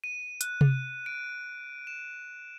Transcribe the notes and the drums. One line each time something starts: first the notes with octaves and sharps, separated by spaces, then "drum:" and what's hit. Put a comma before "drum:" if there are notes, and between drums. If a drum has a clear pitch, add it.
D#7
F#6, drum: hi-hat
drum: tom C3
D7
E7